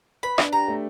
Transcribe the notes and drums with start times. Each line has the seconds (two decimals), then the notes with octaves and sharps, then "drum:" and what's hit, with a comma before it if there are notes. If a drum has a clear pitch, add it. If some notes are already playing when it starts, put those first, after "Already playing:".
0.23 B4 B5
0.38 D4, drum: rim click
0.52 G4 A#5
0.68 A3